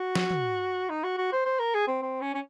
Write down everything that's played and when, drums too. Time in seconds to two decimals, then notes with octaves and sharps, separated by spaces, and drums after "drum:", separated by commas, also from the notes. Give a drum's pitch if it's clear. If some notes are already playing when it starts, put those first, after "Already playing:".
Already playing: F#4
0.15 drum: snare
0.31 drum: tom
0.90 D#4
1.04 F#4
1.18 F#4
1.32 C5
1.45 C5
1.60 A#4
1.74 G#4
1.88 C4
2.02 C4
2.21 C#4
2.34 C#4